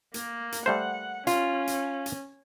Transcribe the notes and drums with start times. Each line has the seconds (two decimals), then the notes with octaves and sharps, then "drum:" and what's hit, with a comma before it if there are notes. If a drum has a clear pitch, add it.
0.14 A#3, drum: hi-hat
0.52 drum: hi-hat
0.66 G3 A3 C5 F#5
1.27 C#4 F4, drum: hi-hat
1.67 drum: hi-hat
2.06 drum: hi-hat